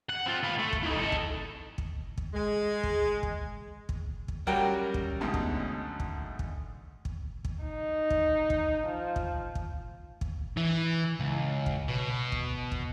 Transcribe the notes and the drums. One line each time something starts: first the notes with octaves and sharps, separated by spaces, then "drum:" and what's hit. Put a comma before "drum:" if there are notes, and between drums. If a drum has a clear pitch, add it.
F#5
C4 F4
F4 B4
A3
drum: kick
E3 D#4
A4 D#5
drum: kick
drum: kick
drum: kick
G#3
drum: kick
drum: kick
drum: kick
drum: kick
F#2 F#3 G3 A#4 F#5 G5
drum: kick
D2 G#2 B2
drum: kick
drum: kick
drum: kick
drum: kick
drum: kick
D#4
drum: kick
drum: kick
F3
drum: kick
drum: kick
drum: kick
E3
C#2
drum: kick
B2
drum: kick
drum: kick